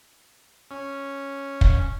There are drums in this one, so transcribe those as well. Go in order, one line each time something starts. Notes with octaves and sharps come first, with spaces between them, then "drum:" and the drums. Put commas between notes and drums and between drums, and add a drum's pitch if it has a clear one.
C#4
drum: kick